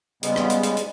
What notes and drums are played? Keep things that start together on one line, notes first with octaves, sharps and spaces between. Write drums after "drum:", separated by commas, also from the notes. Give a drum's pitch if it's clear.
C#3 G3 G#3 B3, drum: hi-hat
drum: rim click
drum: hi-hat
drum: hi-hat
drum: hi-hat